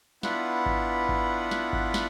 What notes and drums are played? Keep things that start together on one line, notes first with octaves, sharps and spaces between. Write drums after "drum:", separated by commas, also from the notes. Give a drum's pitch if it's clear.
B3 D4 E4 F4 B4 F#5, drum: snare
drum: kick G#1
drum: kick G#1
drum: snare
drum: kick G#1
drum: snare